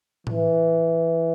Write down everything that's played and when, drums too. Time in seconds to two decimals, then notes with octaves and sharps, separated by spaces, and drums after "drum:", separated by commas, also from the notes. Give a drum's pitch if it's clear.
0.27 E3, drum: tom A2